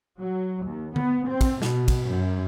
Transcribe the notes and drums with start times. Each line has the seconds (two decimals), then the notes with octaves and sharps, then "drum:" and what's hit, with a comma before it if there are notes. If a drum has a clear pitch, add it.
0.21 F#3
0.66 D#2
0.96 B3, drum: tom D3
1.29 C4
1.41 drum: kick, cymbal
1.62 B2, drum: snare
1.88 drum: kick, cymbal
2.12 F#2